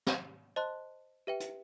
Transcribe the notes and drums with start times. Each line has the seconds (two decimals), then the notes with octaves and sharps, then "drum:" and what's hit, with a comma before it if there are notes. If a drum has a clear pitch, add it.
0.07 drum: snare
0.56 C5 D#5 A5 C6 F#6
1.27 G4 B4 E5 G5
1.40 drum: hi-hat